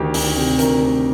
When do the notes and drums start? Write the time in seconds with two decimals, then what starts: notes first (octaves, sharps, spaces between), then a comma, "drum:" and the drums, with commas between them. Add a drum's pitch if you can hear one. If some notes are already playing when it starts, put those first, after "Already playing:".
Already playing: D2 D#3 G4
0.14 D2, drum: open hi-hat
0.36 C3
0.59 D2 A#4, drum: hi-hat
0.82 D2